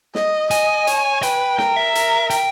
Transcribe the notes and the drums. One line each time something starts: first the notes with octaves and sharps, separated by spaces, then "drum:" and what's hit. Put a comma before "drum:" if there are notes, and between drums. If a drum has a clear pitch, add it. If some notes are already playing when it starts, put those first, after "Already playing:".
D#5, drum: snare
D#5 G#5, drum: hi-hat
C#5, drum: hi-hat
B4 G5, drum: hi-hat
A#4 G5, drum: snare
E5
A#4, drum: hi-hat
G5, drum: hi-hat